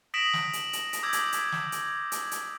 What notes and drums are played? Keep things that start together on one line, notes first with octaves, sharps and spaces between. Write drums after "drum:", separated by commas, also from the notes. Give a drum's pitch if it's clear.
D#6 A#6 B6 D7 E7 F#7
drum: snare
drum: hi-hat
drum: hi-hat
drum: hi-hat
D6 E6 G6 G#6
drum: hi-hat
drum: hi-hat
drum: snare
drum: hi-hat
drum: hi-hat
drum: hi-hat